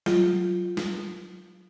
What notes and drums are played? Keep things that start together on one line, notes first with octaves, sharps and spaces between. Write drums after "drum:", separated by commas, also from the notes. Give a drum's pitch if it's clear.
F#3 F4, drum: snare
drum: snare